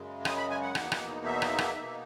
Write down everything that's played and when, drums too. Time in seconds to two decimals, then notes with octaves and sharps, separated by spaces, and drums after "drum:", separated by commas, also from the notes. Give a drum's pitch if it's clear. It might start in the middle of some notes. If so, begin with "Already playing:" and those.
Already playing: F#2 C#3 G#3
0.25 D#6, drum: rim click
0.38 B5
0.50 G#5
0.62 F#5
0.75 E2 B2 A#3 D#4, drum: rim click
0.92 drum: rim click
1.25 E5
1.42 drum: rim click
1.58 drum: rim click
1.75 B2 A#3 D#4